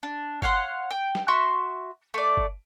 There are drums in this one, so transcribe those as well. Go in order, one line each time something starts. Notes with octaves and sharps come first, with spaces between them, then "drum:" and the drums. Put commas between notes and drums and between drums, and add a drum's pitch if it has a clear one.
D4
C#5 F5 F#5 C6, drum: kick G1
G5
drum: snare
F#4 E5 C6 C#6
A3 D5
drum: kick G1